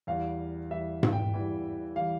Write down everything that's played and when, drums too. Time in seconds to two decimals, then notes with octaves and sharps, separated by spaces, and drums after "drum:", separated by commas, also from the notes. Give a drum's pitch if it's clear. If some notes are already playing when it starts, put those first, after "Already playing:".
0.07 E2 E3 G3 F5
0.70 E2 E3 G3 E5
1.03 drum: tom G#2
1.13 G5
1.33 E2 E3 G3
1.96 E3 G3 F5